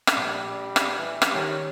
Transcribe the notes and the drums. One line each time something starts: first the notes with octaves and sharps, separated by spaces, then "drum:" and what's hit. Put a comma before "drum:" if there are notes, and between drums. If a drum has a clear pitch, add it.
drum: rim click
A#1 G3 D6
drum: rim click
E3
drum: rim click
D#3 G3 C#4